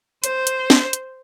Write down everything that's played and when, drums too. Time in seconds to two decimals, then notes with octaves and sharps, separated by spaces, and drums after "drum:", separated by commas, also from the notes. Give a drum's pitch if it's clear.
0.24 C5, drum: hi-hat
0.47 drum: hi-hat
0.70 drum: snare
0.93 drum: hi-hat